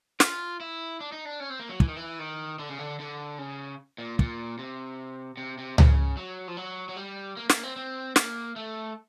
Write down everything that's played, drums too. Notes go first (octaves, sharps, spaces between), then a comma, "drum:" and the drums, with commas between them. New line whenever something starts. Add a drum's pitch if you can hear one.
F4, drum: snare
E4
D4
D#4
D4
C#4
C4
A#3
F#3
E3, drum: kick
D#3
E3
D#3
D3
C#3
D3
D3
C#3
A#2
A#2, drum: kick
C3
C3
C3
C#3, drum: tom C#2
F#3
F3
F#3
F#3
G3
A#3
A#3, drum: snare
C4
C4
A#3, drum: snare
A3